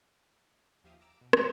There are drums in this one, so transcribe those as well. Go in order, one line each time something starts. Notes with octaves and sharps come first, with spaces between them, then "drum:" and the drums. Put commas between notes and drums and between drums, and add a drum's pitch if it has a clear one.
D#2 F3 G4 E5 F5 D#6
A#5 D6 E6 D7
B2
G#2 E3 G3 C#4 E4, drum: rim click